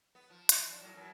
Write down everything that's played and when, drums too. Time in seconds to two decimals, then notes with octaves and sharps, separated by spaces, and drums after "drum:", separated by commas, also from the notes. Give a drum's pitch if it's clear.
0.15 B3
0.30 F3
0.49 E3 F4, drum: hi-hat
0.70 F3 C4 D4
0.81 A2 F#3
0.94 F#2 E3